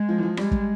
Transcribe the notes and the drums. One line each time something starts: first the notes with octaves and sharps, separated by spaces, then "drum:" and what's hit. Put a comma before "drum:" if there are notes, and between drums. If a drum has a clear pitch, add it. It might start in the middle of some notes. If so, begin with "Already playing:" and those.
Already playing: G#3
F3
E3
F3
G3 G#3, drum: rim click
drum: kick